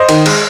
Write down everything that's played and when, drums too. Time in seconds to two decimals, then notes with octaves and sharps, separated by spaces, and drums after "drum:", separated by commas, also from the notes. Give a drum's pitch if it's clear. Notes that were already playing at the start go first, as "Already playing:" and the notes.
Already playing: C5 D#5
0.09 D#3, drum: cymbal
0.26 G#3, drum: cymbal